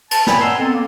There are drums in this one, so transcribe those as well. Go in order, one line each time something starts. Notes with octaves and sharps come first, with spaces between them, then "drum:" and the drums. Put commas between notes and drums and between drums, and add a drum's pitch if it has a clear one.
A5, drum: cymbal
C#5 D5 G5 G#5 B5, drum: snare
D#5 F#5 G#5 A#5 C6 E6
B3 C4 A4
A#3